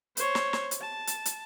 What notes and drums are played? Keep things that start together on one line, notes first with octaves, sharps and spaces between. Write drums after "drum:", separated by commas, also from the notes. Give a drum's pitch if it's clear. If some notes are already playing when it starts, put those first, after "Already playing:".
C5 C#5, drum: hi-hat
drum: snare
drum: snare
drum: hi-hat
A5
drum: hi-hat
drum: hi-hat